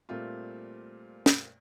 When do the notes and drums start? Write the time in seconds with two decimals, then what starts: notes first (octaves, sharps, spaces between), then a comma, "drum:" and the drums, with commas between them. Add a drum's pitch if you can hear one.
0.09 A#2 G3 A3 C4 F4
1.26 drum: snare